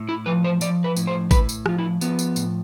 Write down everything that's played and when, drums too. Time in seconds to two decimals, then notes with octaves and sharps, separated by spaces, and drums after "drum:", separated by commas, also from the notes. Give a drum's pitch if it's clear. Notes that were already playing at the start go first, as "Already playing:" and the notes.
Already playing: A2
0.09 E4
0.26 F3 B4
0.44 C5
0.61 F3 D5, drum: tambourine
0.84 B4
0.97 A2, drum: tambourine
1.07 C5
1.31 A2 B4, drum: kick, tambourine
1.49 drum: tambourine
1.66 F3 F4, drum: rim click
1.79 E4
2.01 F3 B3, drum: tambourine
2.19 drum: tambourine
2.36 A2, drum: tambourine